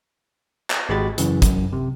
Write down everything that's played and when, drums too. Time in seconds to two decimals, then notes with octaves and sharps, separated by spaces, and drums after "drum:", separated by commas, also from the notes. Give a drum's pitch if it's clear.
0.70 drum: clap
0.89 G#1 G#3 F#4 G4 B5 A6
1.18 F#2 C#3 E3, drum: hi-hat
1.42 F#2, drum: kick, hi-hat
1.73 C3